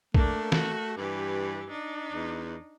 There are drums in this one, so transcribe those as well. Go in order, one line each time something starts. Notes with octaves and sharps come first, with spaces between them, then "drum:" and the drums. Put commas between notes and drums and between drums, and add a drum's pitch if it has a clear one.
A3 A#3 D4, drum: kick A#1
F#4, drum: snare
G2 E3 G4
D4 D#4
E2